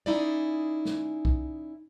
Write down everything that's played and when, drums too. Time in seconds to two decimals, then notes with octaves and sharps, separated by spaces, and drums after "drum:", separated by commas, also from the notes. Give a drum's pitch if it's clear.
0.06 C#4 D#4 E4 G#4 D5
0.85 drum: snare
1.25 drum: kick B1